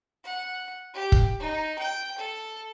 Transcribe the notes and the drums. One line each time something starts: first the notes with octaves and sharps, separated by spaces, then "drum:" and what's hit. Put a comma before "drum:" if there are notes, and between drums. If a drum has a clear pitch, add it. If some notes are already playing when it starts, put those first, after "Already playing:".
F#5
G4
drum: kick
D#4
G5
A4